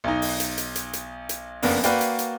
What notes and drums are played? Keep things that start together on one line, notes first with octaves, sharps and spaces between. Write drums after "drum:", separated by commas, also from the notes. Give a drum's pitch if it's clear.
B1 D#4
drum: open hi-hat
drum: hi-hat
drum: hi-hat
drum: hi-hat
drum: hi-hat
drum: hi-hat
F#1 F2 A#3 B3 D4, drum: open hi-hat
A#3 F#4 B4 D5 F5 G5, drum: hi-hat
drum: hi-hat
drum: hi-hat